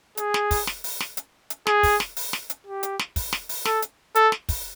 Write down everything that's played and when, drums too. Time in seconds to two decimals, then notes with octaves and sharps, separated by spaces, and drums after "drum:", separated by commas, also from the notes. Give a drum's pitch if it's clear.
0.17 G#4, drum: hi-hat
0.34 drum: snare
0.51 drum: kick, open hi-hat
0.67 drum: snare
0.84 drum: open hi-hat
1.00 drum: snare
1.17 drum: hi-hat
1.50 drum: hi-hat
1.67 G#4, drum: snare
1.83 drum: kick, open hi-hat
2.00 drum: snare
2.16 drum: open hi-hat
2.33 drum: snare
2.50 drum: hi-hat
2.66 G4
2.83 drum: hi-hat
2.99 drum: snare
3.16 drum: kick, open hi-hat
3.33 drum: snare
3.49 drum: open hi-hat
3.65 A4, drum: snare
3.82 drum: hi-hat
4.15 A4, drum: hi-hat
4.32 drum: snare
4.49 drum: kick, open hi-hat